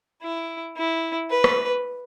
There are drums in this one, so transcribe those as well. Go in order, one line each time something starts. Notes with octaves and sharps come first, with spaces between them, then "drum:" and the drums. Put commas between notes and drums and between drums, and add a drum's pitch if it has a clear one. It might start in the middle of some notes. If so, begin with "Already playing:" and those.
E4
E4
B4
drum: rim click